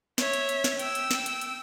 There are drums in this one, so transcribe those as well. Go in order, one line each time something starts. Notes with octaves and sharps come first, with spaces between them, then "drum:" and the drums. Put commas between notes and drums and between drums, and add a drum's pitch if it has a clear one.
C#5 E5, drum: snare
drum: hi-hat
drum: hi-hat
drum: snare
G5 E6, drum: hi-hat
drum: hi-hat
drum: snare
drum: hi-hat
drum: hi-hat